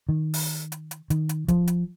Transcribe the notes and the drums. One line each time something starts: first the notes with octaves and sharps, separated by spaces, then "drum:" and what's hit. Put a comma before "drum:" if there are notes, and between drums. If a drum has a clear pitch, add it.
D#3
drum: open hi-hat
drum: hi-hat
drum: hi-hat
D#3, drum: hi-hat
drum: hi-hat
F3, drum: kick, hi-hat
drum: hi-hat